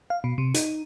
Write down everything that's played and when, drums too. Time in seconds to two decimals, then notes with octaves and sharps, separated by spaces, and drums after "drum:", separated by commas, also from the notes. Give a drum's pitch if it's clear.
0.10 F5
0.24 B2
0.38 C3
0.54 D#4, drum: hi-hat